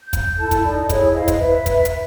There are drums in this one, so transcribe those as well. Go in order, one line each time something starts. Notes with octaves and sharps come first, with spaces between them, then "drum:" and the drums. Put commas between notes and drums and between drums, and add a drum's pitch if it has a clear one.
G6
drum: kick, hi-hat
E4 A4 A5
drum: kick, hi-hat
D#4 A4 D5
E4 G#4 C#5, drum: kick, hi-hat
E4 C5 D#5 F5
drum: kick, hi-hat
B4 E5
drum: kick, hi-hat
drum: hi-hat